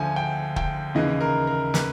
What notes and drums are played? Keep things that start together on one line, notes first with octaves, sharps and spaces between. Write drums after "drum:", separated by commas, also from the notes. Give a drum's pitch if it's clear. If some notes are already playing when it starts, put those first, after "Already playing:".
Already playing: D2 D3 F3 G#5
G5
G5, drum: kick
D#2 C#3 E3 D#5
A#4
A#4
B4, drum: snare